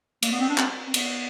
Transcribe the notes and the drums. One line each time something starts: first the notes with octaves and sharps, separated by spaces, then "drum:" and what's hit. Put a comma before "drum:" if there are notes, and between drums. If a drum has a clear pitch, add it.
A#3, drum: cymbal
B3
C4
D4
C4, drum: clap
C4
B3, drum: cymbal